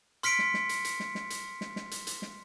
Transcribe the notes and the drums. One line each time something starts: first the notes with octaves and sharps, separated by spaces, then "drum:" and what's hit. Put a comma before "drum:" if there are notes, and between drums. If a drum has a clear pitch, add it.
C6 F6 B6 C#7 D7, drum: hi-hat
drum: snare
drum: snare
drum: hi-hat
drum: hi-hat
drum: snare
drum: snare
drum: hi-hat
drum: snare
drum: snare
drum: hi-hat
drum: hi-hat
drum: snare